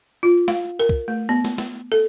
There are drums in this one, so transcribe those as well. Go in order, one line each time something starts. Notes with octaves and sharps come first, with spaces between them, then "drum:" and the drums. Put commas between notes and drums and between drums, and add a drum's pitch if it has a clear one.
F4
F5, drum: snare
A#4
drum: kick
A3
B3
drum: snare
drum: snare
A4